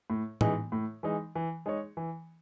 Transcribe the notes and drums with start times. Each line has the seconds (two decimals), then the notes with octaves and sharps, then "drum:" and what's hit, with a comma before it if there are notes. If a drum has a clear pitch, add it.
0.10 A2
0.41 E3 G#3 D#4, drum: tom
0.72 A2
1.03 E3 G#3 D#4
1.35 E3
1.66 G#3 D#4 G#4 C#5
1.97 E3